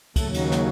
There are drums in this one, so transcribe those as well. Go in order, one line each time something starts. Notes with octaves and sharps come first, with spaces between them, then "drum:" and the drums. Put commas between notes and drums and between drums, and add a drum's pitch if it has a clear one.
D#2 C#3 F#3 A3 A4, drum: kick, cymbal
drum: cymbal
drum: snare